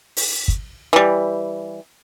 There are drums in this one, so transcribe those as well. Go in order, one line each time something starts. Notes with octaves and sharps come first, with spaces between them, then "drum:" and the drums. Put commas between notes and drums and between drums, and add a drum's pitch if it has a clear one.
drum: open hi-hat
drum: kick
E3 G3